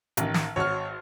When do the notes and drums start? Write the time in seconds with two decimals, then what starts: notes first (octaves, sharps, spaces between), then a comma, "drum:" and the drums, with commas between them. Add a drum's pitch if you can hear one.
0.17 A1 D#3, drum: hi-hat
0.34 drum: snare
0.56 G#1 F#4 C#5 F6